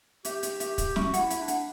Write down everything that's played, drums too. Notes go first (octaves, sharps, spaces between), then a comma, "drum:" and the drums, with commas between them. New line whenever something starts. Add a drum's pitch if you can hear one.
G4 E5, drum: hi-hat
drum: hi-hat
E5, drum: hi-hat
drum: kick, hi-hat
F#4 E5, drum: snare
F#5, drum: hi-hat
E4
E5, drum: hi-hat
D4
F#5, drum: hi-hat